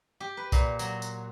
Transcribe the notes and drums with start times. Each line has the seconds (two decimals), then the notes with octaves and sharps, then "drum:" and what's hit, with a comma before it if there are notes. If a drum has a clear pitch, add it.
0.20 G4
0.37 B4
0.52 A#2, drum: kick B1, tambourine
0.79 F#3, drum: tambourine
1.02 drum: tambourine